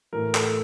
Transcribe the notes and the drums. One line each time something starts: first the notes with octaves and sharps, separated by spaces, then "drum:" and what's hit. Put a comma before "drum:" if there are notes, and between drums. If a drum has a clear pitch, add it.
A2 E3 A3 A#4
A4, drum: clap